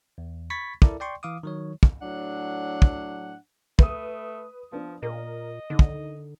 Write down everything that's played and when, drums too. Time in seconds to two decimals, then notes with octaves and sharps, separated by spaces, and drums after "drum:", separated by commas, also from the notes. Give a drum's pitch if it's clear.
0.18 E2
0.50 B5 C#6 G#6 A6 B6
0.82 E4 A4 A#4 D5, drum: kick
1.00 D5 G5 C6 C#6
1.23 E3 F5 D6 D#6
1.43 D#3 F#3 C#5
1.83 drum: kick
2.00 A2 F#3 D4 F#5
2.82 drum: kick
3.79 A3 B4 D#6, drum: kick
4.72 F3 B3 D4
5.03 A#2 A#4 D#5
5.70 D3 D#3
5.79 drum: kick